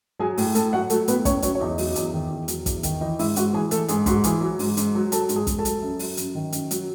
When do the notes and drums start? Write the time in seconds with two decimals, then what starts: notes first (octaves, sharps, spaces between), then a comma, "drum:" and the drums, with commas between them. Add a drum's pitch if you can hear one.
0.19 F#3 G#4 G#5
0.38 A2, drum: open hi-hat
0.55 A2 A4 A5, drum: hi-hat
0.73 F#3 F#4 F#5
0.90 F#3 A3 A4, drum: hi-hat
1.08 A2 B3 B4, drum: hi-hat
1.25 A2 C#4 C#5, drum: kick, hi-hat
1.42 F#3 C#4 C#5, drum: hi-hat
1.55 C#5
1.60 E2 D#4 D#5
1.78 F#3, drum: open hi-hat
1.96 E2, drum: hi-hat
2.13 D#3
2.30 E2
2.48 F#3, drum: hi-hat
2.66 E2, drum: kick, hi-hat
2.83 D#3, drum: hi-hat
3.01 E3 D#4 D#5
3.19 G#2 E4 E5, drum: open hi-hat
3.36 G#2 F#4 F#5, drum: hi-hat
3.53 E3 G#4 G#5
3.71 E3 A3 A4, drum: hi-hat
3.88 G#2 G#4, drum: hi-hat
4.06 G#2 F#4, drum: kick, hi-hat
4.24 E3 G#4, drum: hi-hat
4.41 F#3
4.59 G#2, drum: open hi-hat
4.77 G#2, drum: hi-hat
4.95 F#3
5.12 F#3 A4 A5, drum: hi-hat
5.29 G#2, drum: hi-hat
5.36 G#4 G#5
5.47 G#2, drum: kick, hi-hat
5.58 A4 A5
5.65 F#3, drum: hi-hat
5.82 F#2
5.99 F#3, drum: open hi-hat
6.17 F#2, drum: hi-hat
6.35 D#3
6.52 F#2, drum: hi-hat
6.71 F#3, drum: hi-hat